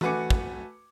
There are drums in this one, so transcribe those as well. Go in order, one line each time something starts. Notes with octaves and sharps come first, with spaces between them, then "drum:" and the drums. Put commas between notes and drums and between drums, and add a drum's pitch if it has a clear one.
A3 F#4 B4 G#5 D6 C#7, drum: tom E3
drum: kick